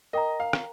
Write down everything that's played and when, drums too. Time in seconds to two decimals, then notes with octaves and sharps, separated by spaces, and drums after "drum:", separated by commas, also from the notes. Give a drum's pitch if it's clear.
0.13 A#4 D#5 G5 A#5
0.40 F5
0.53 drum: rim click